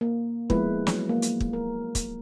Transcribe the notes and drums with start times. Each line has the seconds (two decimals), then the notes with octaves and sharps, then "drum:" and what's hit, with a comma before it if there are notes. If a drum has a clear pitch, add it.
0.01 A#3
0.50 F3 G#3 B3 E4 B4, drum: kick
0.87 F#3, drum: snare
1.09 A#3
1.22 drum: hi-hat
1.40 drum: kick
1.53 A#4
1.95 drum: kick, hi-hat